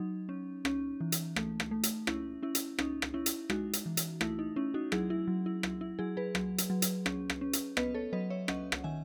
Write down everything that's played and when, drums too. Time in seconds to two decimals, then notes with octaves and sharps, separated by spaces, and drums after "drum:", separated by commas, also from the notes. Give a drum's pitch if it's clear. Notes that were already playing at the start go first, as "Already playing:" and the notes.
Already playing: F#3 D#4
0.29 C#4
0.65 C#4, drum: rim click
1.01 E3
1.12 drum: hi-hat
1.36 A3, drum: rim click
1.60 drum: rim click
1.71 A3
1.83 drum: hi-hat
2.07 C#4 E4, drum: rim click
2.43 C#4 E4
2.55 drum: hi-hat
2.79 C#4 D#4, drum: rim click
3.02 drum: rim click
3.14 C#4 E4
3.26 drum: hi-hat
3.50 G#3 D#4 F#4, drum: rim click
3.73 drum: hi-hat
3.86 E3
3.97 drum: hi-hat
4.21 A3 E4, drum: rim click
4.39 D#4
4.56 C#4 E4
4.74 D#4 F#4
4.92 F#3 E4 G#4, drum: rim click
5.10 E4
5.28 F#3
5.46 E4
5.63 F#3 E4, drum: rim click
5.81 E4
5.99 F#3 E4 G#4
6.17 G#4 B4
6.35 F#3, drum: rim click
6.58 drum: hi-hat
6.70 F#3
6.82 drum: hi-hat
7.06 C#4, drum: rim click
7.30 drum: rim click
7.41 C#4
7.53 drum: hi-hat
7.77 B3 B4 D#5, drum: rim click
7.94 A4 C#5
8.13 F#3 B4 D#5
8.30 C#5 E5
8.48 C#4 D#5 F#5, drum: rim click
8.72 drum: rim click
8.84 D#3 E5 G#5